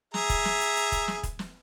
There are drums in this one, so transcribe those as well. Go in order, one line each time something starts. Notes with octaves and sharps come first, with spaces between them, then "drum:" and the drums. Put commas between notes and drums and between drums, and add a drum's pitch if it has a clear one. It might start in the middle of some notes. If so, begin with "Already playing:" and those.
G#4 E5 A#5, drum: snare
drum: kick, hi-hat
drum: snare
drum: hi-hat
drum: hi-hat
drum: kick, hi-hat
drum: snare
drum: kick, hi-hat
drum: snare